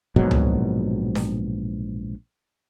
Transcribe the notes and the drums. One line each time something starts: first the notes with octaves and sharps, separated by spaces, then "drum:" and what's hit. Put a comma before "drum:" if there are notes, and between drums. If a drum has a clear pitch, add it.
A#1 G#2 B2 F#3, drum: kick
drum: tom C#2
drum: snare D4